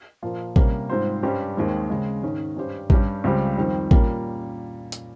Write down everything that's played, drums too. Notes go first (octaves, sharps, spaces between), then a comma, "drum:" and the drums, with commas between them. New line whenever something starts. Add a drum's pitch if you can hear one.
A#2 F3 A#3 F4
C3 G3 A#3 C#4, drum: kick A1
G#2 G3 C4 F4 C5
G2 G3 C#4 G4 C5
D#2 D#3 G#3 C4
C#3 G#3 C4
G#2 D#3 G#3 C#4
G2 G3 C#4 G4 C5
G2 G3 C#4 G4, drum: kick A1
C#2 C#3 G3 C4 G4
F2 D#3 G3 C4
A#2 G3 A#3 C#4, drum: kick A1
drum: hi-hat